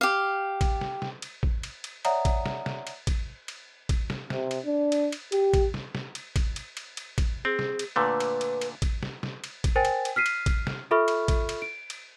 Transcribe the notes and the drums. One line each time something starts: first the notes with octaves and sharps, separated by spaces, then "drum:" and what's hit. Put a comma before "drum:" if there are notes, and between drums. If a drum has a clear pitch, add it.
G4 F5
drum: kick A1, cymbal
drum: snare
drum: snare
drum: cymbal
drum: kick A1
drum: cymbal
drum: cymbal
C#5 D5 E5 F#5 A#5 D#6, drum: cymbal
drum: kick A1, cymbal
drum: snare
drum: snare
drum: cymbal
drum: kick A1, cymbal
drum: cymbal
drum: kick A1, cymbal
drum: snare
C3, drum: snare
drum: cymbal
D4
drum: cymbal
drum: cymbal
G4, drum: cymbal
drum: kick A1, cymbal
drum: snare
drum: snare
drum: cymbal
drum: kick A1, cymbal
drum: cymbal
drum: cymbal
drum: cymbal
drum: kick A1, cymbal
C4 G#4
drum: snare
drum: cymbal
A#2 D3 A3 B4
drum: cymbal
drum: cymbal
drum: cymbal
drum: kick A1, cymbal
drum: snare
drum: snare
drum: cymbal
drum: kick A1, cymbal
A#4 C5 G5 G#5 A6
drum: cymbal
drum: cymbal
F6 B6 C7 D#7
drum: cymbal
drum: kick A1, cymbal
drum: snare
F4 A4 E5 B5 C#6 F6
drum: cymbal
drum: kick A1, cymbal
drum: cymbal
D7
drum: cymbal